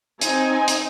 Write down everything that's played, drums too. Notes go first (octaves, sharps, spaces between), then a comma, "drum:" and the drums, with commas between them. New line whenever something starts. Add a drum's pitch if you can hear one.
C4 D#4 G#5, drum: hi-hat
drum: hi-hat